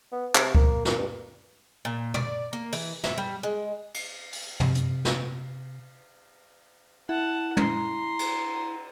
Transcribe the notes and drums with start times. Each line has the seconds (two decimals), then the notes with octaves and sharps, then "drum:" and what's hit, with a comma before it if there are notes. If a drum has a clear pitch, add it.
0.12 B3
0.35 C3, drum: clap
0.55 A#3, drum: kick C#2
0.85 A#3, drum: snare
0.98 G2
1.85 A#2
2.14 D5, drum: tom
2.53 A#3
2.73 E3, drum: open hi-hat
3.04 E5, drum: snare
3.18 G3
3.43 G#3
3.94 drum: cymbal
4.33 drum: open hi-hat
4.60 C3, drum: tom
4.75 drum: hi-hat
5.05 drum: snare
7.09 E4 F#5 A5
7.57 A#5 C6, drum: tom
8.19 drum: cymbal